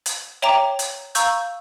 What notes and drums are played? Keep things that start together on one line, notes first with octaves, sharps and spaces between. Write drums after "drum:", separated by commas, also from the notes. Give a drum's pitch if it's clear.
drum: hi-hat
C#5 E5 G5 A#5 D6, drum: snare
drum: hi-hat
F5 A#5 C#6 E6 G6, drum: hi-hat